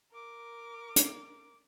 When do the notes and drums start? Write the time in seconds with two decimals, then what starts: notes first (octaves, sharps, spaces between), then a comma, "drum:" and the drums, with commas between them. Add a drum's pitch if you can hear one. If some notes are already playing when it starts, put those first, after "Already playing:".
0.12 A#4 D6
0.96 drum: hi-hat